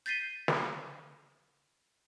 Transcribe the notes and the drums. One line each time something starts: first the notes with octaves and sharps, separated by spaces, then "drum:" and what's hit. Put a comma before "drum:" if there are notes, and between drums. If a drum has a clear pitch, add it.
G6 A6 B6 C7 D#7 G7
drum: snare